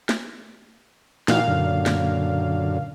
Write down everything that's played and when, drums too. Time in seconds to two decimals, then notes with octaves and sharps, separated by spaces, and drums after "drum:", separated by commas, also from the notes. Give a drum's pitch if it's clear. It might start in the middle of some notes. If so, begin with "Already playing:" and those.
0.09 drum: snare
1.28 A#2 E3 D#4 F#4 F5, drum: snare
1.47 F#2 D3
1.86 drum: snare